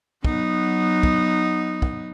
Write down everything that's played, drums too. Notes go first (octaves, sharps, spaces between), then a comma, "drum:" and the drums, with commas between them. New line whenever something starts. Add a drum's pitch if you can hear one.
F#3 B3 D#4, drum: kick
drum: kick
drum: kick